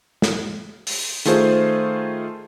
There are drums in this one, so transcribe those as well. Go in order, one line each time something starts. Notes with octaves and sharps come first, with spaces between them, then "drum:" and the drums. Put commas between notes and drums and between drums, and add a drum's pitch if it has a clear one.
drum: snare
drum: open hi-hat
D#3 A3 F4 G#4 C5, drum: hi-hat